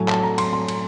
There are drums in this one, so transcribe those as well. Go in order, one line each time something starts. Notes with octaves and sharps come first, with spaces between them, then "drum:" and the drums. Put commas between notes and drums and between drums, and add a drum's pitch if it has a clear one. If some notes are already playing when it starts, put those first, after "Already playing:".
Already playing: A2 F#3 A3 G#5
A5, drum: clap
A#5
C6, drum: cymbal
C6
drum: cymbal